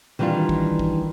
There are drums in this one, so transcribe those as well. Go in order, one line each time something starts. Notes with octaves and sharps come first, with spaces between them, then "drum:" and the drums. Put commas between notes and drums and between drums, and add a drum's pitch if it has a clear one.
D#3 E3 G3 D4 F4
drum: kick
drum: kick